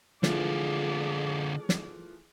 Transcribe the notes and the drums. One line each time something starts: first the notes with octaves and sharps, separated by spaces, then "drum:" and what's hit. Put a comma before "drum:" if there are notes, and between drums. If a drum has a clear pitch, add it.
D3 E3 F3 A3 F4 G#4 D5, drum: snare
drum: snare